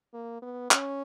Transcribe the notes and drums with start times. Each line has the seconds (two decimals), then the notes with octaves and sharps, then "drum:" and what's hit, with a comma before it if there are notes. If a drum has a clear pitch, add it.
0.14 A#3
0.42 B3
0.71 C#4, drum: clap